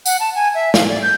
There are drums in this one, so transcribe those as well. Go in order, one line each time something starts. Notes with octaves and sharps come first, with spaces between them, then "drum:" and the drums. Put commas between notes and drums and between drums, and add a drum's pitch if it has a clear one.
F#5, drum: tambourine
A5
G#5
E5
F5, drum: snare
D5
G6